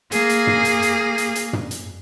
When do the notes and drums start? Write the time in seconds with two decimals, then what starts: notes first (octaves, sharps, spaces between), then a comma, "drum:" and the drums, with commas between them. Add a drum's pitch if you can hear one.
0.12 A#3 G#4, drum: hi-hat
0.29 drum: hi-hat
0.47 drum: tom
0.65 drum: hi-hat
0.82 drum: hi-hat
1.18 drum: hi-hat
1.35 drum: hi-hat
1.53 drum: tom
1.71 drum: hi-hat